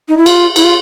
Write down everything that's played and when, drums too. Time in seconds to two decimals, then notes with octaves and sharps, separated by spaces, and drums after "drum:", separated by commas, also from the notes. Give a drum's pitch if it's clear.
0.08 D#4
0.17 E4
0.26 F4, drum: cymbal
0.56 E4, drum: cymbal
0.64 F4